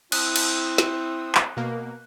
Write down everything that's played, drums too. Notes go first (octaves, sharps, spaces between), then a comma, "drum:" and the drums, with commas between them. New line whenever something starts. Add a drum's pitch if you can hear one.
C4 E4 D#6 E6 F#6, drum: cymbal
drum: cymbal
drum: snare
drum: clap
B2 A#3